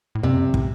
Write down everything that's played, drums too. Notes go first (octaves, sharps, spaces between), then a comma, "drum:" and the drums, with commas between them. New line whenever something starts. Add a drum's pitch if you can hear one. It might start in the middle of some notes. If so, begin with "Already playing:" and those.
A2
F#2 C3
A2, drum: kick